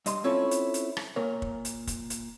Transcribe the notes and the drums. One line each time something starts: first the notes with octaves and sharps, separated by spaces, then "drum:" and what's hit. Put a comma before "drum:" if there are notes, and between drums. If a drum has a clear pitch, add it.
G2 D#5 C6, drum: hi-hat
C4 C#4 E4 F4 A4 C#5
drum: hi-hat
drum: hi-hat
drum: rim click
A#2 A#4 C#5
drum: kick
drum: hi-hat
drum: kick, hi-hat
drum: hi-hat